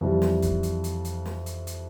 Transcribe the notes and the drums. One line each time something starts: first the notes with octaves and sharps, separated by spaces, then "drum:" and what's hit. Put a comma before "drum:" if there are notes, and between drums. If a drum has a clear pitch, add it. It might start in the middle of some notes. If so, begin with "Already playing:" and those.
F2 E3 G3
drum: snare
drum: kick, hi-hat
drum: hi-hat
drum: hi-hat
drum: hi-hat
drum: snare
drum: hi-hat
drum: hi-hat